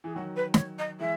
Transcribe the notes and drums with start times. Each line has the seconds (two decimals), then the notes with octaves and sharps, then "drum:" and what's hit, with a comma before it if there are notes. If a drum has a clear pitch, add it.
0.04 E3 G#4
0.15 D#3 F#3 F#4
0.36 B4
0.54 D#5, drum: snare
0.57 C#5
0.79 D#5
1.00 E3 G#3 E5